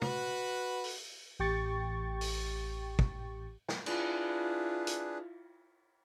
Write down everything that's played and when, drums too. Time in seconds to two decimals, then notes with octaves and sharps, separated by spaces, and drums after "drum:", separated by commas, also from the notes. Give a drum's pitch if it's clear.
0.02 F#4 B4, drum: tom
0.84 drum: open hi-hat
1.39 A1 G4 G5 C#6 A6
2.21 drum: open hi-hat
2.99 drum: kick
3.69 drum: snare
3.86 D4 E4 F4 G#4 B4, drum: cymbal
4.87 drum: hi-hat